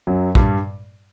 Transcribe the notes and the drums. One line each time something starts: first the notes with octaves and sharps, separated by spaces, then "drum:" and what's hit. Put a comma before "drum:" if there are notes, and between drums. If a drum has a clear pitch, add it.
F#2 F#3
G2 G3, drum: kick